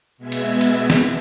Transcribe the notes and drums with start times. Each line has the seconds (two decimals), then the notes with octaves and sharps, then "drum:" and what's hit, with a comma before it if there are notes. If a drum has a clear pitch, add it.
0.18 B2 G#3 B3 E5 G#6
0.32 drum: cymbal
0.61 drum: cymbal
0.90 drum: snare